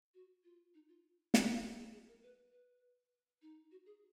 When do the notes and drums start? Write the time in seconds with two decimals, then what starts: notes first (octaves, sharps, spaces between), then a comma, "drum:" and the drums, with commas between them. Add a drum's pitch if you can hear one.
0.14 F#4
0.44 F4
0.74 D#4
0.89 F4
1.34 D#4, drum: snare
1.63 F#4
1.78 G#4
1.93 G#4
2.08 A#4
2.23 B4
2.52 B4
3.42 D#4
3.71 F#4
3.86 G#4